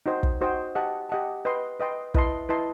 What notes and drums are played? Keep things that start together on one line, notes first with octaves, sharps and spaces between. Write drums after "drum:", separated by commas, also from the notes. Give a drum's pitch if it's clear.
D#4 F#4 C5 D#5 G5
drum: kick
D#4 F#4 C5 D#5 G5
G4 D#5 F#5 A5
G4 D#5 F#5 A5
B4 D#5 G5 C6
B4 D#5 G5 C6
E4 B4 D#5 A5 C6, drum: kick
E4 B4 D#5 A5 C6